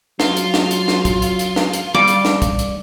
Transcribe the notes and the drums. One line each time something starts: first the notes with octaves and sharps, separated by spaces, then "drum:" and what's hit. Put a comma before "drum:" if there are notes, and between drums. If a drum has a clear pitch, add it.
F#3 F4, drum: snare
drum: hi-hat
drum: snare
drum: hi-hat
drum: snare
drum: kick, hi-hat
drum: hi-hat
drum: hi-hat
drum: snare
drum: hi-hat
G3 D6
drum: hi-hat
drum: snare
drum: kick, hi-hat
drum: hi-hat